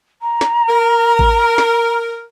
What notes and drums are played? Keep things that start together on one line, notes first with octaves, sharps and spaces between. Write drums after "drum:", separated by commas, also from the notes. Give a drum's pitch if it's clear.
A#5
drum: snare
A#4
drum: kick A1
drum: snare